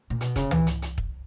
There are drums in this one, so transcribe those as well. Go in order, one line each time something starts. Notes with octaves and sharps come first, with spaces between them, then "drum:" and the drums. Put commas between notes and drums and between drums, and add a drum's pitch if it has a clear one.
A#2
B2, drum: hi-hat
C#3, drum: kick, hi-hat
E3, drum: tom C#2
drum: hi-hat
drum: hi-hat
drum: kick